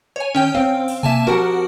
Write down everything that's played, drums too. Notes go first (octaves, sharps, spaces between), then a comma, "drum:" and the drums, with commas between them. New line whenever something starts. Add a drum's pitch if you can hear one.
C#5 G#5
D#3 C#4 G5 G6
C4 F5 G5
drum: open hi-hat
A#3 E5 G#5 A5 E7, drum: tom B2
F3 F#4 G4 A#4 F#5